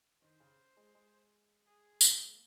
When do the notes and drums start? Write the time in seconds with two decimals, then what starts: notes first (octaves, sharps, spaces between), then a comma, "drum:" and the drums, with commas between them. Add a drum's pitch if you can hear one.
0.22 D#3 C5
0.40 C#3
0.77 G#3
0.95 G#3
1.67 G#4
2.01 F3, drum: tambourine
2.11 F#3
2.20 G#3
2.30 A#3